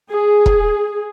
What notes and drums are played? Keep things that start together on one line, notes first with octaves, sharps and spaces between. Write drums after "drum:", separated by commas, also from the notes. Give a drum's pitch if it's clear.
G#4
drum: kick